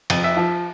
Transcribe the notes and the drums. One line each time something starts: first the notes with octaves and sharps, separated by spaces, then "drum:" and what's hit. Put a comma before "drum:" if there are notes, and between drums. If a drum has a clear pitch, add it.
F2, drum: cymbal
E5
F3